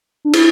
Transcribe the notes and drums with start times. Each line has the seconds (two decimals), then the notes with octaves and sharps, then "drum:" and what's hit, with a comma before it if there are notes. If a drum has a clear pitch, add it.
0.25 D4
0.33 E4, drum: cymbal